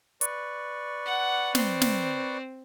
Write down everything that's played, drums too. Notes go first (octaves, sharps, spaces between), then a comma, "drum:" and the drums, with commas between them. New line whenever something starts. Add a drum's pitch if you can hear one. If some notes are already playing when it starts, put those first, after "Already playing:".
B4 D5 C#6, drum: hi-hat
F#5
C4, drum: snare
drum: snare